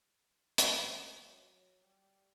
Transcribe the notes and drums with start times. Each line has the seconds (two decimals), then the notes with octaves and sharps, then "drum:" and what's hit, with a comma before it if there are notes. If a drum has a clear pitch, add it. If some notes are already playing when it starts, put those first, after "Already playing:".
0.58 F#3, drum: hi-hat
1.20 F#3
1.50 F#3
1.81 G3